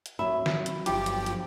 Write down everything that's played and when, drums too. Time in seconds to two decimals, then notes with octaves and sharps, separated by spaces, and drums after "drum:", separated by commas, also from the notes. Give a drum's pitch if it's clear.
0.06 drum: hi-hat
0.19 F#3 E5 B5
0.46 drum: snare
0.66 drum: hi-hat
0.86 G1 F3 D4 F4 G4 G5 D6, drum: hi-hat
1.06 drum: hi-hat
1.26 drum: hi-hat